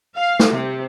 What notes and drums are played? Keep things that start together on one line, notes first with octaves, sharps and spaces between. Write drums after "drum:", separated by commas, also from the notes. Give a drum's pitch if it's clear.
F5
drum: snare
C3